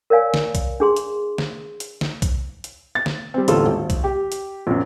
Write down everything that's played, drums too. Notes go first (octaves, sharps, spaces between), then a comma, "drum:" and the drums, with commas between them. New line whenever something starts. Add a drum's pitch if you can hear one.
A#4 C#5 D5 F5 G#5
drum: snare
drum: kick B1, hi-hat
D4 G#4 C6
drum: hi-hat
drum: snare
drum: hi-hat
drum: snare
drum: kick B1, hi-hat
drum: hi-hat
A6
drum: snare
G3 C4
D#1 A1 D3 F4 A4, drum: hi-hat
G#1
drum: kick B1, hi-hat
G4
drum: hi-hat
A#1 F#2